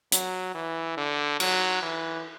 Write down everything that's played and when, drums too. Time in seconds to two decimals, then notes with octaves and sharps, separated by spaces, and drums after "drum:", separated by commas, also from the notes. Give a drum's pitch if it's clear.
0.12 F#3, drum: hi-hat
0.55 E3
0.97 D3
1.40 F#3, drum: cymbal
1.82 E3